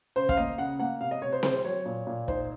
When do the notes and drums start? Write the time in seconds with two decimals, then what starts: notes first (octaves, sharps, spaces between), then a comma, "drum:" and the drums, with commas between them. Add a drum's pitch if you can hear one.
0.16 C#3 C5
0.29 F5, drum: kick
0.37 A#3 D#5
0.58 C#3 F#5
0.79 A#3 F#5
1.01 C3 F5
1.11 D#5
1.22 C3 C#5
1.32 C5
1.43 C4 C5, drum: snare C4
1.65 F#3 C#5
1.86 A#2
2.07 A#2
2.28 D#4 C5, drum: kick